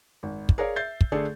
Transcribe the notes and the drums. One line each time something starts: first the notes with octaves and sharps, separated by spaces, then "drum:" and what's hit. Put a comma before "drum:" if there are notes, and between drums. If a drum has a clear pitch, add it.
G#1
drum: kick
G#4 A#4 C#5 D5 F5
E5 G6 A6 C7
drum: kick
D3 A3 G#4 A4 D5